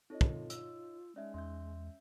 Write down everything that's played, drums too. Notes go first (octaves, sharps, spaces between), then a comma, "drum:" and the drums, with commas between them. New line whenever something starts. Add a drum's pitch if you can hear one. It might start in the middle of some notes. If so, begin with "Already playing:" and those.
C4 D#4 F4 A4 C#5 D#5
drum: kick
E6, drum: hi-hat
G#3 C#4 D#4 D5 E5
E2 C#4 E5 C6 G6